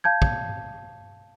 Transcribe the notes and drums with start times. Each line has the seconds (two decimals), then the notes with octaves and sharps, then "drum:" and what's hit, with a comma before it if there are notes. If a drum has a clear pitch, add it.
0.04 F5 A5 G6 G#6
0.22 drum: kick